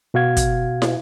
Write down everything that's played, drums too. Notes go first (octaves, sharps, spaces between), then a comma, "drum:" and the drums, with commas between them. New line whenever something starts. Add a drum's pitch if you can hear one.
B2 F#4 F5 G#6
drum: kick, hi-hat
drum: snare